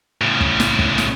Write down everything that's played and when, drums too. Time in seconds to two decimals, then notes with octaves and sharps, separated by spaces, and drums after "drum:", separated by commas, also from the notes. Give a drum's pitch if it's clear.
0.21 A2 C#3
0.41 drum: kick
0.60 drum: snare
0.79 drum: kick
0.98 drum: snare